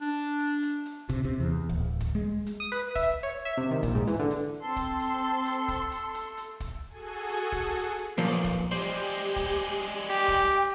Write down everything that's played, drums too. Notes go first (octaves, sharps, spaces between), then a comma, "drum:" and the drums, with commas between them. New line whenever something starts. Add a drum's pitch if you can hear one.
D4
drum: hi-hat
drum: hi-hat
drum: hi-hat
C3, drum: kick, hi-hat
C3
E2
D1
drum: kick, hi-hat
G#3
drum: hi-hat
D#6
B4, drum: hi-hat
E5, drum: kick, hi-hat
C#5
E5
C3
D#3
A#1, drum: kick, hi-hat
G#2
E3, drum: hi-hat
D3
drum: hi-hat
C4 A4 A5 C6
drum: kick, hi-hat
drum: hi-hat
drum: hi-hat
drum: kick, hi-hat
drum: hi-hat
drum: hi-hat
drum: hi-hat
drum: kick, hi-hat
F#4 G#4 A4 G#5
drum: hi-hat
drum: kick, hi-hat
drum: hi-hat
drum: hi-hat
B1 A#2 F3 A#3
drum: kick, hi-hat
G3 G#3 G4 C5
drum: hi-hat
drum: kick, hi-hat
drum: hi-hat
G4 G5
drum: kick, hi-hat
drum: hi-hat